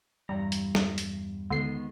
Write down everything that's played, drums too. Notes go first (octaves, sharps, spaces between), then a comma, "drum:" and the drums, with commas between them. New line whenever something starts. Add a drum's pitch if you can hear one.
E2 G2 G3 A#5
drum: hi-hat
drum: snare
drum: hi-hat
D2 D#3 G#3 B3 C7